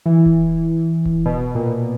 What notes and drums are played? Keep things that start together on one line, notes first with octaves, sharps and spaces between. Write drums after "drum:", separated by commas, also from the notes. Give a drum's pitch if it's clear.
E3
drum: kick D#1
drum: kick D#1
B2
A#2